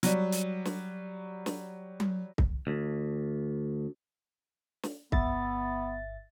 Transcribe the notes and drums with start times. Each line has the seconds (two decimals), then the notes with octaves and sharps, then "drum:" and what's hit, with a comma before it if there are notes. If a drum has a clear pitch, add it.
0.03 F#3 G3, drum: hi-hat
0.32 drum: hi-hat
0.65 drum: snare
1.46 drum: snare
2.00 drum: tom F#3
2.38 drum: kick
2.67 D2
4.83 drum: snare
5.12 G1 B3 E5 A6, drum: kick